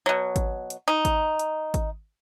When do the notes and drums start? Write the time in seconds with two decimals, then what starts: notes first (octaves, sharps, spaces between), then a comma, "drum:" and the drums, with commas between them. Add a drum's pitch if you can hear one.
0.06 B2 F#3
0.36 drum: kick G#1, hi-hat
0.70 drum: hi-hat
0.88 D#4
1.05 drum: kick G#1, hi-hat
1.39 drum: hi-hat
1.74 drum: kick G#1, hi-hat